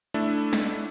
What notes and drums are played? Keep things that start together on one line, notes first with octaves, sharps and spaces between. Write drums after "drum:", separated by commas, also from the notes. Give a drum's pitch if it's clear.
A3 D4 E4 A4
drum: snare